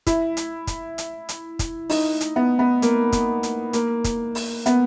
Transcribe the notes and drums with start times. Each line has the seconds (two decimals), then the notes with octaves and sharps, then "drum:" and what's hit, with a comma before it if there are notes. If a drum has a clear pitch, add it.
0.07 E4, drum: kick, hi-hat
0.37 drum: hi-hat
0.67 drum: kick, hi-hat
0.98 drum: hi-hat
1.29 drum: hi-hat
1.59 drum: kick, hi-hat
1.90 D#4, drum: open hi-hat
2.21 drum: hi-hat
2.36 B3
2.59 B3
2.82 A#3, drum: hi-hat
3.12 drum: kick, hi-hat
3.43 drum: hi-hat
3.73 A#3, drum: hi-hat
4.04 drum: kick, hi-hat
4.35 drum: open hi-hat
4.66 B3, drum: hi-hat